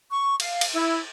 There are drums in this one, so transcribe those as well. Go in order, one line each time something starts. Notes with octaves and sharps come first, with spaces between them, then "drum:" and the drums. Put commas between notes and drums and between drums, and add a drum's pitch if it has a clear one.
C#6
F5, drum: cymbal
drum: cymbal
E4